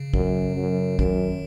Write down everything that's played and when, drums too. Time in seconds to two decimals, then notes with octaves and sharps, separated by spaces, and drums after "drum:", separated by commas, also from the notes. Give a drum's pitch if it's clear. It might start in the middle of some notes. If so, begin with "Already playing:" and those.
Already playing: C#3
0.14 F#2, drum: kick
0.56 F#2
0.99 F#2 D#3, drum: kick